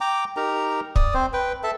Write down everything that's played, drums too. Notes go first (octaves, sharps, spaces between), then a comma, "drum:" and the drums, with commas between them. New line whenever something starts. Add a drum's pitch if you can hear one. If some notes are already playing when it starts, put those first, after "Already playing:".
G5 A#5 D6
D#4 G4 A#4 A#5
D5 D#6, drum: kick
C4 C5
B4 G5
A4 E5 A5